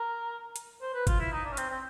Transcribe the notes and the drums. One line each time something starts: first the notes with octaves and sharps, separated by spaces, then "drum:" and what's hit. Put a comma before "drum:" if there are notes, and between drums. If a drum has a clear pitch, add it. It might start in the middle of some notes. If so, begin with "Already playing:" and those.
Already playing: A#4
drum: hi-hat
C5
B4
F4, drum: kick G1, hi-hat
E4
D#4
D4
C#4
C4, drum: hi-hat
C4